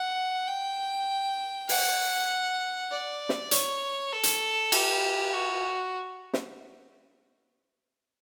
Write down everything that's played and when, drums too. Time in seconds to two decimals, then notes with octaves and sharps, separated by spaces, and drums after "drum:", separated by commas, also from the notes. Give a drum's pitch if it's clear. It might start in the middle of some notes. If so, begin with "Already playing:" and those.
Already playing: F#5
0.48 G5
1.69 F#5, drum: open hi-hat
2.91 D5
3.29 drum: snare
3.51 C#5, drum: hi-hat
4.12 A4
4.23 drum: hi-hat
4.72 G4, drum: cymbal
5.34 F#4
6.33 drum: snare